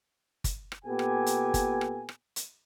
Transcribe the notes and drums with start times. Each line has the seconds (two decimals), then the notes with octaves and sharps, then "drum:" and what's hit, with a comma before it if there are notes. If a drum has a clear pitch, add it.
0.44 drum: kick, hi-hat
0.72 drum: rim click
0.85 A#2 B3 G4 A4 G#5
0.99 drum: rim click
1.26 drum: hi-hat
1.54 drum: kick, hi-hat
1.81 drum: rim click
2.09 drum: rim click
2.36 drum: hi-hat